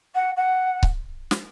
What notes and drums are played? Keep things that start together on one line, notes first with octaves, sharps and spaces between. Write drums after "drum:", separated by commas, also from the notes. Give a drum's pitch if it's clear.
F#5
F#5
drum: kick C#1
drum: snare